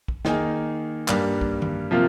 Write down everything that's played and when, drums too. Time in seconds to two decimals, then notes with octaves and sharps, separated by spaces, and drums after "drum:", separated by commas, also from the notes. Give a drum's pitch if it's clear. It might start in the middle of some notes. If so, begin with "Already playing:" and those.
0.08 drum: kick
0.25 D#3 A#3 D#4 G#4, drum: snare
1.08 G2 G3 A#3, drum: clap
1.41 drum: kick
1.62 drum: tom D#3
1.91 C3 F3 A#3 F4